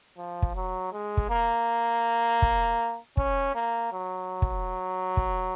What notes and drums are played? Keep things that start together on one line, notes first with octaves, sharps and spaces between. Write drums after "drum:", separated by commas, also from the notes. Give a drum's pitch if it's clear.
F3
drum: kick
F#3
G#3
drum: kick
A#3
drum: kick
C#4, drum: kick
A#3
F#3
drum: kick
drum: kick